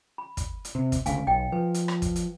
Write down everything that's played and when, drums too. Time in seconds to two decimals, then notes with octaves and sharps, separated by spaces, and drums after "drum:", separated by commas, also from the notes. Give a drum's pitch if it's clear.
0.18 B5
0.37 drum: kick, hi-hat
0.65 drum: hi-hat
0.75 C3
0.92 drum: kick, hi-hat
1.06 D2 C#3 F5 G#5, drum: hi-hat
1.27 B1 D#5 G5
1.52 F3 B4
1.74 drum: hi-hat
1.88 drum: rim click
2.02 drum: kick, hi-hat
2.16 drum: hi-hat